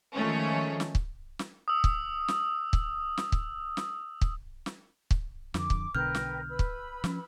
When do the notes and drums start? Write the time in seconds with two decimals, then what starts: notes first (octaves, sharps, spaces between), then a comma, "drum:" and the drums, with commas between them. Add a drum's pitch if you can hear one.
0.14 D#3 F3 G#3 A3 C#4
0.80 drum: snare
0.95 drum: kick
1.39 drum: snare
1.68 D#6 E6
1.84 drum: kick
2.28 drum: snare
2.73 drum: kick
3.18 drum: snare
3.32 drum: kick
3.77 drum: snare
4.21 drum: kick
4.66 drum: snare
5.11 drum: kick
5.54 F2 D3 D6, drum: snare
5.70 drum: kick
5.95 B1 B2 D3 A#4 B4 G5 F6 G6
6.15 drum: snare
6.48 B4 B5 E6
6.59 drum: kick
7.04 F3 C#4, drum: snare